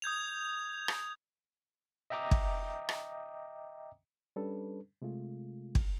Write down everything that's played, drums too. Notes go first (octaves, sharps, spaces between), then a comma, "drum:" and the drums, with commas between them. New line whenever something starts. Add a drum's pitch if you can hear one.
D#6 G6 G#6 F7
drum: rim click
D#5 E5 G5 A#5 D6 D#6
drum: kick
drum: rim click
G3 C#4 D4 A4 B4
C3 G#3 A3 F4
drum: kick